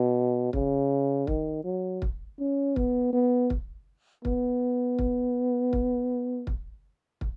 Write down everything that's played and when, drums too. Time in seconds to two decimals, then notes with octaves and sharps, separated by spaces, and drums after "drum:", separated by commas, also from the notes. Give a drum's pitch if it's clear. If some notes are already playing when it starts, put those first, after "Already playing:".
Already playing: B2
0.53 C#3, drum: kick
1.27 D#3, drum: kick
1.64 F#3
2.02 drum: kick
2.39 C#4
2.76 B3, drum: kick
3.13 B3
3.50 drum: kick
4.25 B3, drum: kick
4.99 drum: kick
5.73 drum: kick
6.47 drum: kick
7.21 drum: kick